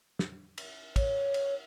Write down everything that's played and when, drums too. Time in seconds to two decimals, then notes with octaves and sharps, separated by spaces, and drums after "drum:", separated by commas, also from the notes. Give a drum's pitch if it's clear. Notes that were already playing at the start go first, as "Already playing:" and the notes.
0.19 drum: snare
0.58 drum: cymbal
0.96 C#5, drum: kick, cymbal
1.34 drum: cymbal